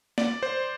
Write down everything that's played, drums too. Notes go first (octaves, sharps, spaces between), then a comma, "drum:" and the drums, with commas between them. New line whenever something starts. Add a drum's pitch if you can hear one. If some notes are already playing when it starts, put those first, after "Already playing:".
D5, drum: snare
C5